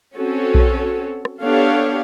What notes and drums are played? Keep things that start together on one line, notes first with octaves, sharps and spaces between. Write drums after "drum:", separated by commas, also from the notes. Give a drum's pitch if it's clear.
C4 C#4 F#4 A4 C#5
drum: kick B1
drum: rim click
B3 D4 G4 A4 C#5 F5